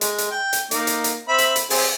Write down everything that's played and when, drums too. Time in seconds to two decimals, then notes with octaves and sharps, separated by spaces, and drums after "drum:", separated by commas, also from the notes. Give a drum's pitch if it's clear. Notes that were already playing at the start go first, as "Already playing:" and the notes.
0.01 G#3, drum: hi-hat
0.18 drum: hi-hat
0.31 G5
0.53 drum: hi-hat
0.71 A#3 D#4 D6, drum: hi-hat
0.87 drum: hi-hat
1.04 drum: hi-hat
1.28 C4 E5 B5
1.38 drum: hi-hat
1.56 drum: hi-hat
1.70 C4 G4 G#4, drum: open hi-hat